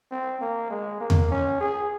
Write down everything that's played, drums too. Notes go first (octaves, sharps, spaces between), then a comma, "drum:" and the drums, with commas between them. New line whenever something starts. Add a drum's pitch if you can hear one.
C4
A#3
G#3
A#3
drum: tom E2
C#4
G#4